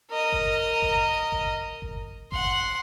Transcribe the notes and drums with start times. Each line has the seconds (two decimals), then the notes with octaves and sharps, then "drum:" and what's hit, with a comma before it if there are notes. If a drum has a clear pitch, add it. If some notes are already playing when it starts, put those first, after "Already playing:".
0.10 A#4 D#5
0.32 drum: kick G1
0.82 drum: kick G1
1.32 drum: kick G1
1.82 drum: kick G1
2.32 F#5 C6, drum: kick G1